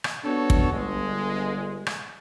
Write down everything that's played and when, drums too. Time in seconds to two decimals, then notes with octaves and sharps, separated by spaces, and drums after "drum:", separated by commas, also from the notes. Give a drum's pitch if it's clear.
0.04 drum: rim click
0.24 B3 D4 F#4 A4 C#5
0.50 drum: kick
0.73 G1 G#3
1.86 drum: rim click